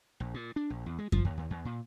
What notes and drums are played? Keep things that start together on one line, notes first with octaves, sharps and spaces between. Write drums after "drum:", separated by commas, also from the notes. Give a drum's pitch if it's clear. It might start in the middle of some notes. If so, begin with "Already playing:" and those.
A#1
A#2
D4
A#1
E2
G#3
F3, drum: kick F#2
D#2
D#2
E2
A#2